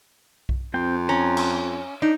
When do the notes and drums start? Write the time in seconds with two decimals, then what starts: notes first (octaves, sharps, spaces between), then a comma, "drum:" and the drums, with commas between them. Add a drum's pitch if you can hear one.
0.49 drum: kick B1
0.74 F2 C4 G5
1.09 C#4 A#5
1.37 drum: cymbal
2.02 D4 D#4